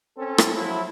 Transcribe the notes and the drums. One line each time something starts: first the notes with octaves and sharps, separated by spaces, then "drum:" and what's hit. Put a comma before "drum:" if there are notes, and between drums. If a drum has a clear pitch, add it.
C4 C#4 A4
drum: rim click
F3 F#3 E4